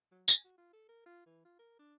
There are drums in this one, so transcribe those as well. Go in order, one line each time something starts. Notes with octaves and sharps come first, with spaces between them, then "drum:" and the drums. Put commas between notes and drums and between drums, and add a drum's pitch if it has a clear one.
F#3
G#5, drum: tambourine
F#4
F4
A4
A#4
F4
E3
F4
A#4
D4